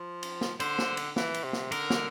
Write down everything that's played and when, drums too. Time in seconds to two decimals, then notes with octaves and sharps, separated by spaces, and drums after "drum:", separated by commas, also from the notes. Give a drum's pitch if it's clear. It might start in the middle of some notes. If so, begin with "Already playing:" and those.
Already playing: F3
0.23 drum: cymbal
0.41 drum: snare
0.60 D3 C5, drum: cymbal
0.78 drum: snare
0.97 drum: cymbal
1.16 E3, drum: snare
1.34 drum: cymbal
1.44 C3
1.53 drum: snare
1.72 D3 A#4, drum: cymbal
1.90 drum: snare